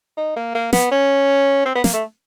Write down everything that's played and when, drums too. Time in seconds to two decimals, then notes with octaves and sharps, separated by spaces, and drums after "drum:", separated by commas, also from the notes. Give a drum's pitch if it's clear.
0.17 D#4
0.36 A#3
0.55 A#3
0.73 B3, drum: snare
0.91 C#4
1.65 C4
1.75 B3
1.84 A#3, drum: snare
1.93 A3